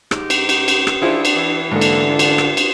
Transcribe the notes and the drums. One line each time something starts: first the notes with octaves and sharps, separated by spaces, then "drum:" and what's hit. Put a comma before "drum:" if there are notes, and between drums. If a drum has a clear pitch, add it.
G#2 D#4 G4, drum: rim click
drum: cymbal
drum: cymbal
drum: cymbal
drum: rim click
D4 E4 F4 G#4 C5
drum: cymbal
E3
G#2 D3 A#3 A4
drum: cymbal
D4 F4
drum: cymbal
drum: rim click
drum: cymbal